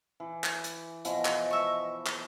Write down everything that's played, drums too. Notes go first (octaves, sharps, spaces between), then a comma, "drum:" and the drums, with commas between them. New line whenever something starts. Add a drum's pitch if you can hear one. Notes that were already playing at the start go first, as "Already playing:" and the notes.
E3
drum: clap
drum: hi-hat
B2 E3 F3 D#5, drum: hi-hat
drum: clap
E5 C#6
drum: clap